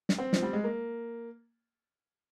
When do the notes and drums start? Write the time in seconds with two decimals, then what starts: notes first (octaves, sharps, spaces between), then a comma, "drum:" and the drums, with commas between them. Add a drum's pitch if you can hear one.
0.09 drum: snare
0.18 C4
0.33 F3, drum: snare
0.43 G3
0.53 G#3
0.64 A#3